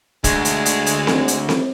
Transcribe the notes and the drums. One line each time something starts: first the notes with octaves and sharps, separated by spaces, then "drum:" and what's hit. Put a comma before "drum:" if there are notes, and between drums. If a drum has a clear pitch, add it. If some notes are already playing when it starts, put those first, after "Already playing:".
D2 G#3, drum: kick, hi-hat
drum: hi-hat
drum: hi-hat
drum: hi-hat
drum: snare C4
drum: hi-hat
drum: snare C4